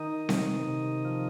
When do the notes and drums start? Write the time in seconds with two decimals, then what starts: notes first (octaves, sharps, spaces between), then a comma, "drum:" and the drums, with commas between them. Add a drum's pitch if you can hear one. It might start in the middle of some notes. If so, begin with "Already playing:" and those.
Already playing: D#3 D#4
0.29 C3, drum: snare C4
0.67 C3
1.05 F3